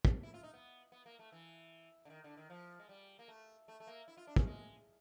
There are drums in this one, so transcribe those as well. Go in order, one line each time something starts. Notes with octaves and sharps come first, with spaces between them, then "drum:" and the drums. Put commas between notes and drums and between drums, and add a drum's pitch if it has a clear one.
drum: kick
E4
F4
D#4
B3
B3
A#3
A3
E3
D3
D#3
D3
D#3
F3
G#3
G3
A#3
A3
A3
A3
A#3
E4
F4
D4
C#4, drum: kick
G#3